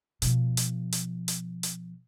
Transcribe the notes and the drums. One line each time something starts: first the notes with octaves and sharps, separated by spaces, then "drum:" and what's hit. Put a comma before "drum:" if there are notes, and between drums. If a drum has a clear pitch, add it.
B2 F3, drum: hi-hat
drum: hi-hat
drum: hi-hat
drum: hi-hat
drum: hi-hat